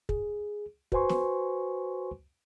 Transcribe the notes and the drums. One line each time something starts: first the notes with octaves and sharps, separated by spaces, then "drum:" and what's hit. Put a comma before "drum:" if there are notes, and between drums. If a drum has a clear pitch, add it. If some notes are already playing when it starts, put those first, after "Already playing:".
G#4, drum: kick
F#4 B4 C5 G#5 C6 C#6, drum: kick
drum: snare